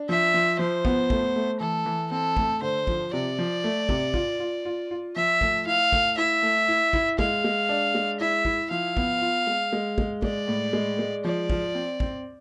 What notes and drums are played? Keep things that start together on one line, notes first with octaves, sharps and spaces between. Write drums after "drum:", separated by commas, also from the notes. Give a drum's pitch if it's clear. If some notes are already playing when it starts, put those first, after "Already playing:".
Already playing: D4
F3 E5
F3
F3 C5
B3, drum: kick
A3, drum: kick
A3
E3 A4
E3
C4 A4
A3, drum: kick
D3 C5
F3, drum: kick
C3 D5
F3
A3
C3, drum: kick
F4, drum: kick
F4
F4
F4
F3 E5
A3, drum: kick
E4 F5
A3, drum: kick
E4 E5
A3
E4
E4, drum: kick
G#3 F5, drum: kick
G#3
D4
G#3
E4 E5
E4, drum: kick
F3 F5
B3, drum: kick
F4
G#3
G#3
G#3, drum: kick
G#3 D5, drum: kick
A2
G#3
G#3
F3 D5
F3, drum: kick
C4
C4, drum: kick